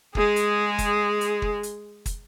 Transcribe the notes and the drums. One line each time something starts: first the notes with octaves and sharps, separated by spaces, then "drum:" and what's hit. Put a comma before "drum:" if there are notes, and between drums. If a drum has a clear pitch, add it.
G#3 G#4, drum: kick
drum: hi-hat
drum: kick, hi-hat
drum: hi-hat
drum: kick
drum: hi-hat
drum: kick, hi-hat